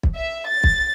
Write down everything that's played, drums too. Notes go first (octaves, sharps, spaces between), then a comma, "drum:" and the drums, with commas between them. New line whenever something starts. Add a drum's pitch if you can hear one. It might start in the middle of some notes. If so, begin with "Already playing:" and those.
drum: kick
E5
A6
drum: kick